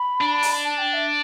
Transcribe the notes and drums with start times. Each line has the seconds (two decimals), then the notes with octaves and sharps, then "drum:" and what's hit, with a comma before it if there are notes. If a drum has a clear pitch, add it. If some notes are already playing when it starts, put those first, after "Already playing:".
Already playing: B5
0.21 D4
0.43 drum: open hi-hat
0.64 A5
0.78 G5
0.93 E5